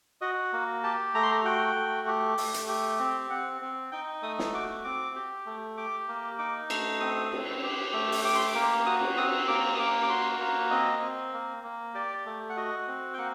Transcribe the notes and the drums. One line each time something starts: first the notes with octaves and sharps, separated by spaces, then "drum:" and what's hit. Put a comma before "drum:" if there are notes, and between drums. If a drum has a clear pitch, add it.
F#4 D#5
A#3
G4 A5
A3 A#5
C6
A#5
F#4 G5
A3
G4
A3, drum: open hi-hat
drum: hi-hat
G4
C4
C4 F#5
C4
D#4 G5
A3 D#6
drum: snare
F#4 D6
C4 D6
G4
A3
G4 D6
A#3
D#4 D6
A3, drum: cymbal
C4 D#6
C4, drum: cymbal
G4
A3
drum: open hi-hat
G4 D6
C6
D6
A#3
F#4 D#6
drum: cymbal
C4 D#6
A#3 D6
D#6
A#3 D6
D6
F#4 C6
A#3
C4 D#5
C4
A#3
A#3
G4 D5
A3
F#5
F#4 D#5
C4
G5
A#3 F#5